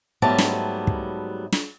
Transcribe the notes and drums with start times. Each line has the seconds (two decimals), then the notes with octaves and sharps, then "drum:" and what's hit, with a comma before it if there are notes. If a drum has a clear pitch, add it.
0.22 G#2 F#3 G3 A3 B3 A5
0.38 drum: snare
0.87 drum: kick
1.52 drum: snare